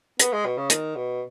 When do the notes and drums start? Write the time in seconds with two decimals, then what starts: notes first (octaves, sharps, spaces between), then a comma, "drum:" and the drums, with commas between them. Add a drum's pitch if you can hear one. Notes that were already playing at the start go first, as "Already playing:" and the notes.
0.19 B3, drum: hi-hat
0.33 G#3
0.45 B2
0.57 C#3
0.70 D#3, drum: hi-hat
0.95 B2